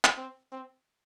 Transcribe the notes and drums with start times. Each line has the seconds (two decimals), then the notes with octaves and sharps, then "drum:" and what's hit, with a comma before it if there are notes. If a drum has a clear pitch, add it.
0.05 drum: clap
0.17 C4
0.52 C4